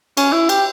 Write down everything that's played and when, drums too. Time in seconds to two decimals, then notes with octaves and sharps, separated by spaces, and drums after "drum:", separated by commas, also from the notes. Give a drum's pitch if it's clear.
0.17 C#4, drum: cymbal
0.32 E4
0.49 G4, drum: cymbal